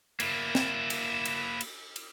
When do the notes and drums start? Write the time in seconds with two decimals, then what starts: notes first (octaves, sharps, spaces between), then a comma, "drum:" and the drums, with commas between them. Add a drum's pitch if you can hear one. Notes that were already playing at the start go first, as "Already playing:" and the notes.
0.20 A#3 E4, drum: cymbal
0.55 drum: snare
0.90 drum: cymbal
1.25 drum: cymbal
1.61 drum: cymbal
1.96 drum: cymbal